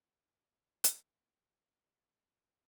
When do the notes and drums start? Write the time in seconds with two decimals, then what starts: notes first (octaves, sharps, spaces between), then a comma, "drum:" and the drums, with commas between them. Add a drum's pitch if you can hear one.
0.22 G5 G#5
0.84 drum: hi-hat
1.14 D#5
1.51 D#5
1.88 G#2 D4